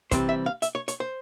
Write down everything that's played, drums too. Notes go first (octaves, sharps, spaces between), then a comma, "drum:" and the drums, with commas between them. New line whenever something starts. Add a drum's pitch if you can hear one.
C3 E3 G3 C4 C5, drum: kick, hi-hat
E5
F5
E5, drum: hi-hat
C#5
C#5, drum: hi-hat
C5